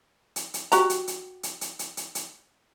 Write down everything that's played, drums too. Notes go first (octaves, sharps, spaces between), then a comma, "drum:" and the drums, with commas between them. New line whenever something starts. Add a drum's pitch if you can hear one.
drum: hi-hat
drum: hi-hat
F#4 G4 A#5, drum: hi-hat
drum: hi-hat
drum: hi-hat
drum: hi-hat
drum: hi-hat
drum: hi-hat
drum: hi-hat
drum: hi-hat